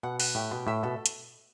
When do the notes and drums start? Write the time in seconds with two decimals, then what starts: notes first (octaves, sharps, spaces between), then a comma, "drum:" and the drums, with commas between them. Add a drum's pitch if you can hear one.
0.03 B2 F#5
0.20 F#5, drum: open hi-hat
0.35 A2 G4
0.51 B2 C6
0.67 A2 E5
0.83 B2 A4
1.06 drum: hi-hat